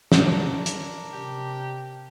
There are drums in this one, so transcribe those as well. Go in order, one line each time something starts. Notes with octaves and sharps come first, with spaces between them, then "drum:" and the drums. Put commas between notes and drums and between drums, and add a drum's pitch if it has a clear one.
D4 A#4, drum: snare
drum: hi-hat
C3 G4